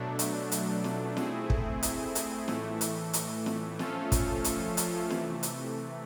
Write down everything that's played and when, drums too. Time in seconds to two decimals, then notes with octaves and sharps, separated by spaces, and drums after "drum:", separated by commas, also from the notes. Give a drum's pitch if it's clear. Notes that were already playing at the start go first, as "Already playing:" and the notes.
Already playing: B2 F#3 A3 D4
0.19 drum: hi-hat
0.52 drum: hi-hat
0.84 drum: snare
1.17 A3 C4 E4 G#4, drum: snare
1.50 drum: kick
1.83 drum: hi-hat
2.15 drum: hi-hat
2.48 A2 E3 A3, drum: snare
2.81 drum: hi-hat
3.13 drum: hi-hat
3.46 drum: snare
3.79 F3 A3 C#4 F4 A4, drum: snare
4.12 drum: kick, hi-hat
4.44 drum: hi-hat
4.77 drum: hi-hat
5.10 C3 E3 A3, drum: snare
5.43 drum: hi-hat